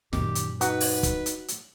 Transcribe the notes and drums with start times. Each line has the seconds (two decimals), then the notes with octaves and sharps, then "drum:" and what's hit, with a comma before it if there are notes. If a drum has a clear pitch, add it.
0.13 F#2 A#2 D#3 G4, drum: snare
0.35 drum: hi-hat
0.61 D#4 F#4 B4 F#5, drum: hi-hat
0.81 drum: open hi-hat
1.03 drum: kick, hi-hat
1.26 drum: hi-hat
1.48 drum: hi-hat